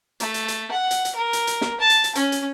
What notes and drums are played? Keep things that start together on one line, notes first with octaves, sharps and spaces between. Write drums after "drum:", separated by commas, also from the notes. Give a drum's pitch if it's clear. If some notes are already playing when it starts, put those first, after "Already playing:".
A3, drum: hi-hat
drum: hi-hat
drum: hi-hat
F#5
drum: hi-hat
drum: hi-hat
A#4
drum: hi-hat
drum: hi-hat
drum: snare
A5
drum: hi-hat
drum: hi-hat
C#4, drum: hi-hat
drum: hi-hat